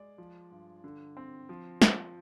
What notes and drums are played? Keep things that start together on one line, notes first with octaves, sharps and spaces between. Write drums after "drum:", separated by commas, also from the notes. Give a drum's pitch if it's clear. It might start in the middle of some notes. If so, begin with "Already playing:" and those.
Already playing: G#3 D5
F3
G2
D3
C4
F3
F3, drum: snare